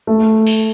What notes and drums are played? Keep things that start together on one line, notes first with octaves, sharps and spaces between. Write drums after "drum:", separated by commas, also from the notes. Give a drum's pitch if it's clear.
A3
drum: cymbal